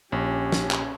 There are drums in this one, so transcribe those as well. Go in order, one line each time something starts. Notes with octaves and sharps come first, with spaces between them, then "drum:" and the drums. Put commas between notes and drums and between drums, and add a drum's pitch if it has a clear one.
A#1 C#4 G4
drum: snare
drum: clap